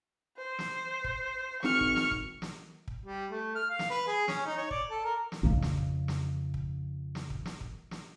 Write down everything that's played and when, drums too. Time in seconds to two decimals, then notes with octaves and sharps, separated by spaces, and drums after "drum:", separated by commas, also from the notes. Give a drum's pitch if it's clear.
0.38 C5
0.59 drum: snare
1.04 drum: kick
1.63 G#1 C#6 F6, drum: snare
1.81 drum: kick
1.96 drum: snare
2.11 drum: kick
2.42 drum: snare
2.88 drum: kick
3.05 G3
3.31 A3
3.55 F6
3.70 F5
3.79 drum: snare
3.90 B4
4.07 G#4
4.28 C#4, drum: snare
4.46 D#4
4.57 C#5
4.71 D5, drum: kick
4.90 A4
5.04 A#4
5.32 drum: snare
5.43 F2 C#3
5.62 drum: snare
5.78 drum: kick
6.08 drum: snare
6.54 drum: kick
7.15 drum: snare
7.30 drum: kick
7.45 drum: snare
7.61 drum: kick
7.91 drum: snare